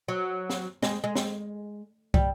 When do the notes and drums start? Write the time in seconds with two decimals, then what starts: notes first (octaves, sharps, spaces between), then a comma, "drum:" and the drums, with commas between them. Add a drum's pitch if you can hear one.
0.08 F#3
0.50 drum: snare
0.83 G#3, drum: snare
1.04 G#3
1.15 drum: snare
2.14 G3, drum: kick